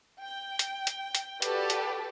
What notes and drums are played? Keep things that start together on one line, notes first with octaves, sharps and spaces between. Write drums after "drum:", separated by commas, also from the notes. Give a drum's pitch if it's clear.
G5
drum: hi-hat
drum: hi-hat
drum: hi-hat
F#4 G4 A4 B4 D5, drum: hi-hat
drum: hi-hat